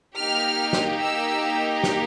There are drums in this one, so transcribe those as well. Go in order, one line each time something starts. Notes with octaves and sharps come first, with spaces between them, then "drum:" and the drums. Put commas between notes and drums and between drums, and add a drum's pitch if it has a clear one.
A#3 D#4 G4 F6
drum: snare
E6
drum: snare